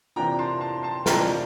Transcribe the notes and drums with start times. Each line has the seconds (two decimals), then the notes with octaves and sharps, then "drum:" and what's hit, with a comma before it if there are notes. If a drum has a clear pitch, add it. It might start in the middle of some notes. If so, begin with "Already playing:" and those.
0.16 C3 E3 A#3 D4 F4 G5 A#5
0.39 A5 C6
0.61 A5 C6
0.83 A5 C6
1.06 C3 E3 A#3 D4 F4 G5 A#5, drum: snare